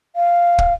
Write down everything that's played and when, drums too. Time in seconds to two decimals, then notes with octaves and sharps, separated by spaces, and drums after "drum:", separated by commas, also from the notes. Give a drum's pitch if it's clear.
0.16 F5
0.58 drum: kick